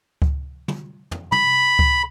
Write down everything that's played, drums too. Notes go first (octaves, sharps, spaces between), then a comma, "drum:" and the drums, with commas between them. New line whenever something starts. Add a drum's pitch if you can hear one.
drum: kick C#2
drum: tom
drum: tom
B5, drum: tom
drum: kick C#2